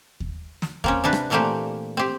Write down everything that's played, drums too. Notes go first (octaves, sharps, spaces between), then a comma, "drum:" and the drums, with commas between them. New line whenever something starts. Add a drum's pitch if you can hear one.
drum: kick D#2
drum: snare
A#3 C4 C#4, drum: kick D#2
C3 G3 D4 B4
drum: rim click
A#2 E3 A3 A#3 C4 G4
C4 G4